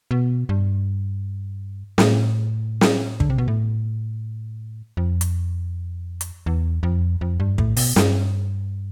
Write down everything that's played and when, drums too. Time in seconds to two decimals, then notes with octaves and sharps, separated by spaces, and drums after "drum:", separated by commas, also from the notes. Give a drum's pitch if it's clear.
0.11 B2
0.49 G2
1.98 A2, drum: snare
2.81 drum: snare
3.20 D3, drum: kick
3.30 C3
3.38 B2
3.48 A2
4.97 F2
5.21 drum: hi-hat
6.21 drum: hi-hat
6.46 E2
6.83 F2
7.21 F2
7.40 G2
7.58 A2, drum: kick
7.77 B2, drum: open hi-hat
7.96 G2, drum: snare